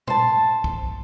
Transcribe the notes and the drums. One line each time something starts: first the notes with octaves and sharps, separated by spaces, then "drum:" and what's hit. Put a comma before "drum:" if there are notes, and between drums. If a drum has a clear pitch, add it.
C5 A5, drum: tom A#2
drum: kick